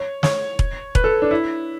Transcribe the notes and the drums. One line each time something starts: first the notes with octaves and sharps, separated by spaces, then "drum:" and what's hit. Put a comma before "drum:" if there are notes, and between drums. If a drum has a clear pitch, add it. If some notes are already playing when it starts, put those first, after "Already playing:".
Already playing: C#5
C#5, drum: snare
drum: kick E1
B4, drum: kick E1
A4
D4
E4